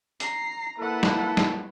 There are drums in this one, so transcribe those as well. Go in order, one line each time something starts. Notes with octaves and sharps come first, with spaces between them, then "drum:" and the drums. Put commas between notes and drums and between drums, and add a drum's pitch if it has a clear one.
A#5 C7, drum: hi-hat
A#3 E4 A4 B4 F#5
drum: snare
drum: snare